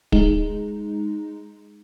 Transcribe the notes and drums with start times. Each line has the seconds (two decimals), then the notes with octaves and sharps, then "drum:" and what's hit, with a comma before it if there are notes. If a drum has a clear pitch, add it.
0.12 G#3 D#4, drum: kick